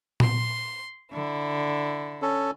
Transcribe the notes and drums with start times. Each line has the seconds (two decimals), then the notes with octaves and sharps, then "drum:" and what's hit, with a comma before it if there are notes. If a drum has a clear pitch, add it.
0.20 C6, drum: tom A#2
1.12 D3 E4
2.22 C#4 A4